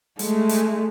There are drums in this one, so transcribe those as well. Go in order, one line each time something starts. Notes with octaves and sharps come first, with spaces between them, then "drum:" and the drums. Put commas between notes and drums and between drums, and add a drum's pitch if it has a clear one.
G#3 A3, drum: hi-hat
drum: hi-hat